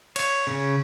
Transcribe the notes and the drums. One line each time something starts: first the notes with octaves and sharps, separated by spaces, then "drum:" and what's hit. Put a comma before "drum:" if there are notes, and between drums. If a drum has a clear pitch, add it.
C#5, drum: cymbal
C#3 C#4